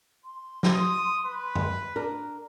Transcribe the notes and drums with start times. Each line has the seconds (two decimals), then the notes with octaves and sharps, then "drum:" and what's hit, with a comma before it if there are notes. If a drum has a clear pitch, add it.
0.24 C6
0.63 drum: snare
0.75 D#6
1.26 B4
1.56 drum: tom
1.96 D4 A#4